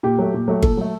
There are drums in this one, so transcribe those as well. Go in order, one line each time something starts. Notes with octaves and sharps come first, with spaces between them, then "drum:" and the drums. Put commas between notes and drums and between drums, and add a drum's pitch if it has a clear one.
A#2 G4
F#3 A3
A#2
F#3 A3
A#2 A4, drum: kick G1
F#3 A3